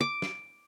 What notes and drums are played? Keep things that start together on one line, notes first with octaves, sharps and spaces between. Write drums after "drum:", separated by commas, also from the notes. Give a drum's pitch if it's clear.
D6
drum: snare